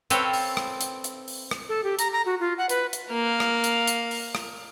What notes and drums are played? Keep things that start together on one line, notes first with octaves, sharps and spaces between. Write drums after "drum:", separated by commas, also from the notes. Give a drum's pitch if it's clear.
C4 A4 B4 C#5 F5 G5, drum: hi-hat
drum: open hi-hat
drum: rim click
drum: hi-hat
drum: hi-hat
drum: open hi-hat
drum: rim click
A4
G4
A#5, drum: hi-hat
A#5
F#4
F4
F#5
B4, drum: hi-hat
drum: hi-hat
A#3 F5
drum: rim click
drum: hi-hat
drum: hi-hat
drum: open hi-hat
drum: rim click